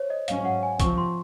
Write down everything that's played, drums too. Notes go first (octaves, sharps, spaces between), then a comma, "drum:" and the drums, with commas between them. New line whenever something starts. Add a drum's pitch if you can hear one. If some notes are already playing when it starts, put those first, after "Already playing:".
Already playing: C5 C#5
D#5
G#2 F#3 C#4 F5, drum: hi-hat
F#5
G#5
C3 F3 C4 C#6, drum: kick, hi-hat
C6